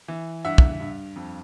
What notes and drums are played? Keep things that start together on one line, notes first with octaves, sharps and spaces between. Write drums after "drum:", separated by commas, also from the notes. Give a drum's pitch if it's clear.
E3
G2 E5 F#5
drum: kick
G2
F2